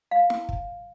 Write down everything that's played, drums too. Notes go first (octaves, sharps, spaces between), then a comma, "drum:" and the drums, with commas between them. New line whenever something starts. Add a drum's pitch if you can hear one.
F5
drum: snare
drum: kick